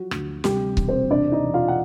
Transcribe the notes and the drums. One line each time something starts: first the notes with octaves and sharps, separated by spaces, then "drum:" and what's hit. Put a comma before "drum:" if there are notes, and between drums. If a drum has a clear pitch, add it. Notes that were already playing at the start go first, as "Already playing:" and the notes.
Already playing: F3 F#3 F#4
D2, drum: rim click
C3 G3 G4, drum: snare
E1, drum: kick C#1
C4 C5
C3 D4 D5
D#4 D#5
E1
F4 F5
F#5